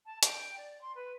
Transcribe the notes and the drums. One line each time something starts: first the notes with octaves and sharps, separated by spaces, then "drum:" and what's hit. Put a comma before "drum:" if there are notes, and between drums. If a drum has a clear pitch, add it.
A5
G5, drum: hi-hat
D5
C6
B4